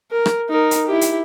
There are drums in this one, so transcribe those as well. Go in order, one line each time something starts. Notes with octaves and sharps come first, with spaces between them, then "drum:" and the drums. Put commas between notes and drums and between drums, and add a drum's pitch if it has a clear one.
A#4
drum: rim click
D#4 A#4
drum: hi-hat
E4 G4
drum: hi-hat